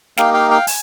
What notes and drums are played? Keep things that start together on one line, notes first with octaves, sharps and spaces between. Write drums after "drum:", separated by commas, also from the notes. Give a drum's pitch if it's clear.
A#3 D#4 G4 F5 G5, drum: snare
F5 G5
F5 G5
G#5, drum: open hi-hat